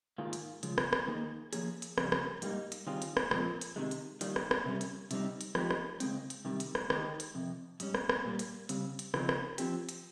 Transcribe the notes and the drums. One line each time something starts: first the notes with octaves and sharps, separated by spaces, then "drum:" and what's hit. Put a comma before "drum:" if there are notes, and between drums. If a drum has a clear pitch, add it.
G#2 D#3 A#3 F4 G#4
drum: hi-hat
C#3 F3 G#3, drum: hi-hat
drum: rim click
drum: rim click
D#3 A#3 D#4 G#4
F3 A#3 C#4 G#4, drum: hi-hat
drum: hi-hat
F2 C#3 G3, drum: rim click
drum: rim click
G#2 G3 A#3 D#4, drum: hi-hat
drum: hi-hat
D#3 G3 C4 F4 G#4
drum: hi-hat
drum: rim click
A#2 F3 G#3 C4, drum: rim click
drum: hi-hat
C3 D#3 G#3
drum: hi-hat
D#3 G3 A#3, drum: hi-hat
drum: rim click
drum: rim click
C3 G3 C#4
drum: hi-hat
C3 G3 C4 D#4, drum: hi-hat
drum: hi-hat
F3 G#3 C4 D#4 G4, drum: rim click
drum: rim click
C#3 G#3 C4, drum: hi-hat
drum: hi-hat
C3 D#3 G3
drum: hi-hat
drum: rim click
D#3 G#3 D#4 G4, drum: rim click
drum: hi-hat
F2 C3
G#2 G3 C#4, drum: hi-hat
drum: rim click
drum: rim click
A#2 G3 A#3
drum: hi-hat
C#3 G3 C4, drum: hi-hat
drum: hi-hat
C#3 F3 C4 D#4 G#4, drum: rim click
drum: rim click
F3 C4 G4, drum: hi-hat
drum: hi-hat